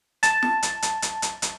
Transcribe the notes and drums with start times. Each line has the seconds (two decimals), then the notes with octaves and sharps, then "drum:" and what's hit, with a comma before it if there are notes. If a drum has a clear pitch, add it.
0.23 A5, drum: hi-hat
0.43 drum: snare
0.63 drum: hi-hat
0.82 drum: hi-hat
1.02 drum: hi-hat
1.22 drum: hi-hat
1.42 drum: hi-hat